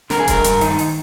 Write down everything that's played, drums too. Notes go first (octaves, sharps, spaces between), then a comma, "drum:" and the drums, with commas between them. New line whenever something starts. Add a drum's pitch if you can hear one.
D3 A#4, drum: snare
G#4
G2 A#4, drum: kick D#1, hi-hat
G2, drum: hi-hat
D#3 D#4, drum: open hi-hat
drum: open hi-hat